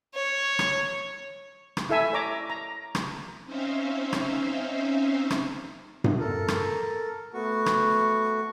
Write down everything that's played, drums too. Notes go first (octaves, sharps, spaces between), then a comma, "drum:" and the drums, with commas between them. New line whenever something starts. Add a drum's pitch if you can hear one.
C#5
drum: rim click
drum: rim click
E4 A4 E5 G#5
C#5 D5 A#5 D6
A#5
drum: rim click
C4 C#4 D#4 C5 E5 F5
drum: rim click
drum: rim click
drum: tom G2
A4 A#4
drum: rim click
A3 B3 F#4 C#6
drum: rim click